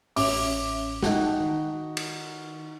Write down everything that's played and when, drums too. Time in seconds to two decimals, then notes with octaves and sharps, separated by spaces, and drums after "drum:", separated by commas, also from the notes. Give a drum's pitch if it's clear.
0.16 A1 C#4 E5 D6, drum: open hi-hat
1.02 D#4 F#4 G5 A5 F#6, drum: snare
1.40 D#3
1.97 drum: cymbal